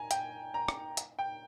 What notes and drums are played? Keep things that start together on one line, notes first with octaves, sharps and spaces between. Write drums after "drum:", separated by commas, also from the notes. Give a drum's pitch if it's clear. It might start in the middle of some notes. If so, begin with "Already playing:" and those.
Already playing: G#5 A#5
G5, drum: hi-hat
A#5
drum: rim click
drum: hi-hat
G5